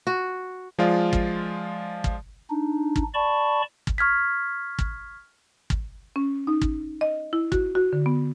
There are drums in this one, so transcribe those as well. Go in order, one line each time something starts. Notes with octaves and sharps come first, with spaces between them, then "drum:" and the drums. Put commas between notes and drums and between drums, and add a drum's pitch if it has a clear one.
F#4
F3 G#3 F4 D5
drum: kick
drum: kick
D4 D#4
drum: kick
D5 A5 B5 C#6
drum: kick
C#6 F6 G#6 B6
drum: kick
drum: kick
C#4
D#4
drum: kick
D#5
E4
F#4, drum: kick
F#4
D3
B3